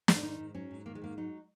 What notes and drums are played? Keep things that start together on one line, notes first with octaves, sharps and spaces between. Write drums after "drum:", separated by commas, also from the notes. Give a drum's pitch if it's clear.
G#2, drum: snare
D#3 D#4
G#2
F#3 C#4
G#2
D#3 A#3
G#3
G#2 A#3
F#3 D#4